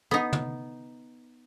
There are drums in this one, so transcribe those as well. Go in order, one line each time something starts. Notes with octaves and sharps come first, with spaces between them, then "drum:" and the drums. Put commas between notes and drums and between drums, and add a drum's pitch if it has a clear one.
B3 D#4
drum: tom